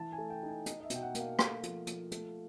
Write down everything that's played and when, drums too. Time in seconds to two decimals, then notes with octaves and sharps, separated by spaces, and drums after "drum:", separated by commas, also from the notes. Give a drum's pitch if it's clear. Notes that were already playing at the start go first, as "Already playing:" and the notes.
Already playing: E3 A5
0.12 G#5
0.18 A3
0.30 G5
0.43 D#4
0.48 G#5
0.66 D#4 D#5, drum: hi-hat
0.80 D#5
0.84 E5
0.90 B2 G5, drum: hi-hat
1.03 F#5
1.15 A#3, drum: hi-hat
1.20 F5
1.39 A3 F5, drum: rim click
1.63 F3, drum: hi-hat
1.87 F3, drum: hi-hat
2.12 A3, drum: hi-hat